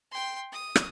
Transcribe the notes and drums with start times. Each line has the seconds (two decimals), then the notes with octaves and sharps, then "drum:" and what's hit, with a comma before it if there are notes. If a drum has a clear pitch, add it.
0.11 G5 C6
0.52 D#6
0.76 drum: rim click